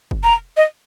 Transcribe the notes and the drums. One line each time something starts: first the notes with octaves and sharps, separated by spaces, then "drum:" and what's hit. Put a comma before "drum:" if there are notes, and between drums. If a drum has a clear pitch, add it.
drum: kick
A#5
D#5